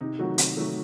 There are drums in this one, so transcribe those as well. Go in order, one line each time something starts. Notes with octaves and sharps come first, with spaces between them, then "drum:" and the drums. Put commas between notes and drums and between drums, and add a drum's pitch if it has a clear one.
C3 D#4
D#3 F#3 A3 F#4
C3, drum: hi-hat
D#3 F#3 A3